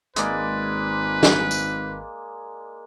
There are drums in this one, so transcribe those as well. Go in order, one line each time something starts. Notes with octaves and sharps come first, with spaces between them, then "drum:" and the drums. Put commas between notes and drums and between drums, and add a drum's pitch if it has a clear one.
G#1 G#3 A#3 B4 D5, drum: hi-hat
drum: snare
drum: tambourine